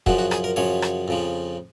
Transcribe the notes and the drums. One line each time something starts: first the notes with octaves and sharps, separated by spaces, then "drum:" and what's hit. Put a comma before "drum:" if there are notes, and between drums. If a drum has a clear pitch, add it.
F#2 C#3 F3 F#4, drum: kick
F#4
G#4, drum: rim click
A#4
F#2 C#3 F3 C#5
drum: rim click
F2 C#3 F3